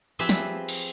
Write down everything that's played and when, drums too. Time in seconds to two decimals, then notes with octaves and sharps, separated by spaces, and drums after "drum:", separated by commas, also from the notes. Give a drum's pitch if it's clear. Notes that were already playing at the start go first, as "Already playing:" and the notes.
0.19 F3 C4 G4 G#4 B4 E5
0.29 drum: snare
0.68 drum: cymbal